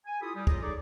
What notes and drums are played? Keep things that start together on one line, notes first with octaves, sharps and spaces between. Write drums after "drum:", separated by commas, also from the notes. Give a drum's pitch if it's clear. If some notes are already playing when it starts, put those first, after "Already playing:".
G#5
E4 F4 G4 A4 B5 D#6
G3
F#3 F4 G#4 D5 D#5, drum: kick
D#4 G#4 A4 C#5 D5